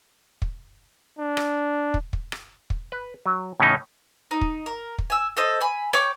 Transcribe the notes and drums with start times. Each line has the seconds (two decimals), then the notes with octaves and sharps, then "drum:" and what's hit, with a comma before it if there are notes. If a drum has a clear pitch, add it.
0.42 drum: kick
1.19 D4
1.37 drum: rim click
1.94 drum: kick
2.13 drum: kick
2.32 drum: rim click
2.70 drum: kick
2.92 B4
3.26 F#3
3.60 A2 C#3 E3 C#4 D#4
4.31 D#4
4.41 drum: kick
4.66 A#4
4.98 drum: kick
5.10 G#5 E6
5.37 A4 C5 D#5
5.61 G#5 B5
5.93 C#5 G5 C#6 D6, drum: rim click